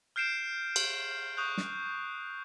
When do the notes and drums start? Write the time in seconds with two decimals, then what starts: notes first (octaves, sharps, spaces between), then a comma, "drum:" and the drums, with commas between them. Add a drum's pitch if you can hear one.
0.16 F6 G6 C7 D7 E7
0.76 drum: cymbal
1.37 C#6 D#6 F#6 G6
1.57 drum: snare